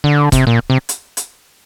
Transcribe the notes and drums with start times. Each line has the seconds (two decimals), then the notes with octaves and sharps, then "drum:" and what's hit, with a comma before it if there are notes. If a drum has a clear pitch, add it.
0.04 D3
0.32 C3, drum: kick, hi-hat
0.47 A#2
0.70 C3
0.89 drum: hi-hat
1.17 drum: hi-hat